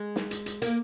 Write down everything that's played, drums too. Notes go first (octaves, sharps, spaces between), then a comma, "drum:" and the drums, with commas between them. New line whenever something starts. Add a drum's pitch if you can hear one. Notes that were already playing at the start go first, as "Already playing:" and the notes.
Already playing: G#3
drum: snare
drum: hi-hat
drum: hi-hat
A#3, drum: hi-hat